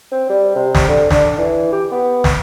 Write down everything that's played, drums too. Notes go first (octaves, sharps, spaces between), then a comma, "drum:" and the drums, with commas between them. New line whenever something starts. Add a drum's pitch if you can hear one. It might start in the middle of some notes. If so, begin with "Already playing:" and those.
C4
G3
C3
drum: snare
D3
D4, drum: snare
E3
G4
B3
drum: snare